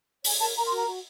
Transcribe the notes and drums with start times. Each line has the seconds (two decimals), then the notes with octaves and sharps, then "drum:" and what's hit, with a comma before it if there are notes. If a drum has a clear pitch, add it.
0.24 C#5 G#5, drum: open hi-hat
0.40 A#4 A5
0.56 A#4 A#5
0.66 C6
0.71 F#4 A#5
0.87 F#4